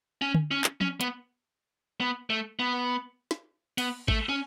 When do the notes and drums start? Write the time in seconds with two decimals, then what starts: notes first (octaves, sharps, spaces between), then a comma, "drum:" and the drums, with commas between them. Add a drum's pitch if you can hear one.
0.22 C#4
0.34 drum: tom D3
0.51 C#4
0.64 drum: clap
0.81 C#4, drum: tom
1.01 B3, drum: hi-hat
2.00 B3
2.30 A3
2.59 B3
3.31 drum: snare
3.78 B3, drum: cymbal
4.08 A3, drum: kick
4.29 C#4